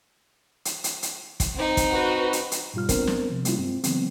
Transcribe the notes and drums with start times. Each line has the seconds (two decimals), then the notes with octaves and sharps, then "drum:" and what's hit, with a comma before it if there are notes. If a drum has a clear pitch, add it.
0.65 drum: hi-hat
0.84 drum: hi-hat
1.03 drum: hi-hat
1.40 drum: kick, hi-hat
1.54 C4 D#4
1.77 drum: kick, hi-hat
1.91 F#4 B4
2.33 drum: hi-hat
2.52 drum: hi-hat
2.74 G#2 B2 G3 F4 F6
2.89 B3 C4 D4 A#4 C5, drum: kick, hi-hat
3.07 drum: snare
3.29 C3 F3
3.45 G3 A#3 C#4 E4 F4, drum: hi-hat
3.58 G2 G#3 C4
3.84 C#3 E3 F#3 G#3 B3 C4, drum: hi-hat